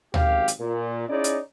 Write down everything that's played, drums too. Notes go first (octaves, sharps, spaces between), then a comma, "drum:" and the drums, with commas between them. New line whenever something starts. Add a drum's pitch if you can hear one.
G#1 F#2 G4 F5, drum: tom
drum: hi-hat
A#2
C#4 D#4 E4 G#4 C#5 D5
drum: hi-hat